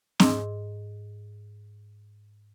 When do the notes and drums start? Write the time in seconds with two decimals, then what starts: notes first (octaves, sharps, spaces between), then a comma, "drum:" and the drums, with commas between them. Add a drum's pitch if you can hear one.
0.20 G#2 G#4 D#5 C6 D6 E6, drum: snare C4